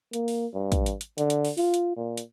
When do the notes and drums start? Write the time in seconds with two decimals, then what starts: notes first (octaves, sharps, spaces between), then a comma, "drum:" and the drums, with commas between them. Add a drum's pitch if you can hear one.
0.13 A#3, drum: hi-hat
0.28 drum: open hi-hat
0.54 G2
0.72 drum: kick, hi-hat
0.86 drum: hi-hat
1.01 drum: hi-hat
1.18 D3, drum: hi-hat
1.30 drum: hi-hat
1.45 drum: open hi-hat
1.57 F4, drum: open hi-hat
1.74 drum: hi-hat
1.97 A#2
2.17 drum: hi-hat